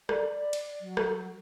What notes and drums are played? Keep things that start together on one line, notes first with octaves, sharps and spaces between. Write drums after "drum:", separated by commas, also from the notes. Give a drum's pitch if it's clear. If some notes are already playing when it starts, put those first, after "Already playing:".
D5, drum: rim click
drum: cymbal
F#3
drum: rim click